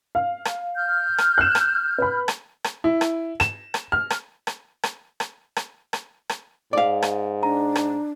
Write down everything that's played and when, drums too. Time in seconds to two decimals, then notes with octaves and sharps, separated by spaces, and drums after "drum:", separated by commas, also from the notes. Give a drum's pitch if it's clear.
0.15 F5
0.45 drum: rim click
0.75 F6 G6
1.18 drum: rim click
1.38 F#6 E7
1.55 drum: rim click
1.98 B4 B5
2.28 drum: rim click
2.64 drum: rim click
2.84 E4
3.01 drum: rim click
3.40 E7, drum: rim click
3.74 drum: rim click
3.92 F6
4.10 drum: rim click
4.47 drum: rim click
4.83 drum: rim click
5.20 drum: rim click
5.56 drum: rim click
5.93 drum: rim click
6.29 drum: rim click
6.73 G#2 D5 F5
7.02 drum: rim click
7.43 D4 A#5
7.75 drum: rim click